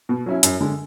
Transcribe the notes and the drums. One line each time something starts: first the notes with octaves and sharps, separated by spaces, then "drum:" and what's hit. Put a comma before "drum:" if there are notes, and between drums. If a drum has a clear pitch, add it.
B2
F#3 C#4 E4
F#2, drum: hi-hat
D3 G#3